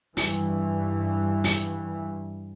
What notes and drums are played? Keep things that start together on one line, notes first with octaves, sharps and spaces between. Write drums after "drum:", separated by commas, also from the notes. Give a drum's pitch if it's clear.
G2 E3, drum: open hi-hat
drum: open hi-hat